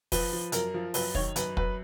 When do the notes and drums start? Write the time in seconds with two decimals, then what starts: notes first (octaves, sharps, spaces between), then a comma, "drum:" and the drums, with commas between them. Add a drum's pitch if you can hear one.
0.12 F3 B4, drum: kick, open hi-hat
0.33 F3
0.52 F#2 A#4, drum: hi-hat
0.74 F3
0.94 F#2 B4, drum: open hi-hat
1.15 D#3 C#5, drum: kick
1.36 F#2 B4, drum: hi-hat
1.57 F#2 B4, drum: kick